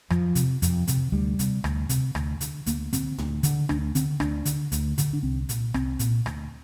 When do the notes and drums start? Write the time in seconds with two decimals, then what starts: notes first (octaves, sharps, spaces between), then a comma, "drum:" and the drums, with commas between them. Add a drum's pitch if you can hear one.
0.10 F2 F3, drum: rim click
0.35 C3, drum: hi-hat
0.62 F2, drum: hi-hat
0.88 C3, drum: kick, hi-hat
1.12 D2 G3
1.39 C3, drum: hi-hat
1.64 D2, drum: rim click
1.89 C3, drum: hi-hat
2.15 D2, drum: rim click
2.41 D3, drum: hi-hat
2.66 D2 A#3, drum: hi-hat
2.93 D3 C4, drum: kick, hi-hat
3.18 D2, drum: tom A2
3.43 D3, drum: hi-hat
3.69 D2 D4, drum: rim click
3.95 D3 C4, drum: hi-hat
4.20 D2 D4, drum: rim click
4.45 D3, drum: hi-hat
4.72 D2, drum: hi-hat
4.98 D3, drum: kick, hi-hat
5.13 D4
5.23 C2 C4
5.49 A#2, drum: hi-hat
5.74 C2 C4, drum: rim click
5.99 A#2, drum: hi-hat
6.26 D2, drum: rim click